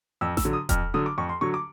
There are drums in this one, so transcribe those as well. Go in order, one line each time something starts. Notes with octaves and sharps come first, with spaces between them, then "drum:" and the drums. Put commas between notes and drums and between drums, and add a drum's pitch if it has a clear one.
F2 E6
E6, drum: snare A1
D3 F#3
D#6
F2 F6, drum: kick D#1, hi-hat
D3 F#3 D#6
D6
F2 C#6
C6
D3 F#3 C#6
D6